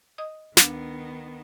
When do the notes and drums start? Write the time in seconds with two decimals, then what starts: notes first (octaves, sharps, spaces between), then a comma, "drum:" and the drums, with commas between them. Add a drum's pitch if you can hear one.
0.18 D#5 D#6
0.57 D2 D#3 B3 D4, drum: snare